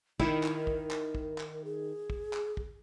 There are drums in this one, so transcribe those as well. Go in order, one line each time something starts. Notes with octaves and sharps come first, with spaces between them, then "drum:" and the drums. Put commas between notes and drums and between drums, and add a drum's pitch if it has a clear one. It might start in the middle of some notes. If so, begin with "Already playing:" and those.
D#3 D#4 E4, drum: kick
drum: clap
A#4
drum: kick
drum: clap
drum: kick
drum: clap
G#4
drum: kick
drum: clap
drum: kick